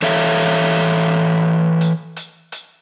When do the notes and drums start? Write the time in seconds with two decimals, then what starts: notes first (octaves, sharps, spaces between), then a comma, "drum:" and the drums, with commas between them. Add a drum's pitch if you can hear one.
0.02 E3 A4 C#5 E5 F5, drum: hi-hat
0.38 drum: hi-hat
0.74 drum: open hi-hat
1.81 drum: hi-hat
2.16 drum: hi-hat
2.52 drum: hi-hat